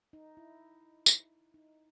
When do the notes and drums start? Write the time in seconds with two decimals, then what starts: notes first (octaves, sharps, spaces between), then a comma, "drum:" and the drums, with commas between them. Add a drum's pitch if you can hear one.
0.13 D#4
0.37 E4
1.06 drum: tambourine
1.54 D#4